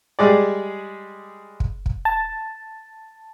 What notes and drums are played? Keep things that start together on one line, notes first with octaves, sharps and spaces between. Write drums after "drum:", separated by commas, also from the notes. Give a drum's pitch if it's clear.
G3 G#3 G#4 D5
drum: kick
drum: kick
A5